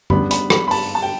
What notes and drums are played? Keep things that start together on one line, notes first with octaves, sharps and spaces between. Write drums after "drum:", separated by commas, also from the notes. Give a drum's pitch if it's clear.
C#3 G3 B3 D4 B5, drum: tom F#2
B5, drum: hi-hat
B5, drum: rim click
B5
A5, drum: open hi-hat
A5
G5